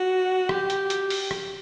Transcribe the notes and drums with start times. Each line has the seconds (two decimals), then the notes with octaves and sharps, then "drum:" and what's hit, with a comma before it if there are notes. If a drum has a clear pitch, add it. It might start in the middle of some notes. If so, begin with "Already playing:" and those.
Already playing: F#4
0.49 G4, drum: rim click
0.70 drum: hi-hat
0.90 drum: hi-hat
1.10 drum: open hi-hat
1.31 drum: rim click